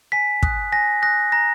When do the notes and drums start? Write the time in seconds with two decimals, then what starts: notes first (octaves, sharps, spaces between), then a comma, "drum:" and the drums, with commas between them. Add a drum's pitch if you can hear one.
0.12 G#5 B6
0.43 D#6 F#6, drum: kick
0.72 G#5 A#6
1.02 D#6 F#6 A#6
1.32 A#5 A#6